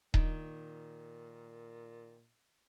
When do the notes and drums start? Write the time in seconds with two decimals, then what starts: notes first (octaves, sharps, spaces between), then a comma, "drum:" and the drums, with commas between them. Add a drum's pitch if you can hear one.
0.14 A#2 D#3, drum: kick D#1